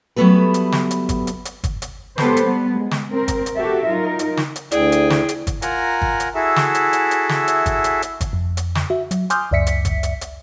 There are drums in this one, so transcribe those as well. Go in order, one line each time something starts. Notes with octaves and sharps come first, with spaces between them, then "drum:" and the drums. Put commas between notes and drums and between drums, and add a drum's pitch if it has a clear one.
F#3 G3 A3 B3 A4 B4
drum: hi-hat
drum: snare
drum: hi-hat
drum: kick, hi-hat
drum: hi-hat
drum: hi-hat
drum: kick, hi-hat
drum: hi-hat
G#3 B3 G4 A4 B4 C5, drum: snare
drum: hi-hat
G3 B3
G#3
drum: snare
C4 A#4
drum: kick, hi-hat
drum: hi-hat
F#4 G4 A4 E5
F#3 D#4 F4 A#4
drum: hi-hat
drum: snare
drum: hi-hat
D2 E4 G#4 D5 G5, drum: hi-hat
drum: hi-hat
drum: snare
drum: hi-hat
drum: kick, hi-hat
F4 A#4 F#5 G#5 A#5, drum: hi-hat
drum: kick
drum: hi-hat
E4 F#4 G#4 A4 E5
drum: snare
drum: hi-hat
drum: hi-hat
drum: hi-hat
drum: snare
drum: hi-hat
drum: kick, hi-hat
drum: hi-hat
drum: hi-hat
drum: kick, hi-hat
F2
drum: hi-hat
drum: snare
F#4 E5
F#3, drum: hi-hat
G#5 C6 D6 D#6 F6 G6, drum: hi-hat
C#2 F#2 D5 E5 B6 C#7
drum: hi-hat
drum: kick, hi-hat
drum: hi-hat
drum: hi-hat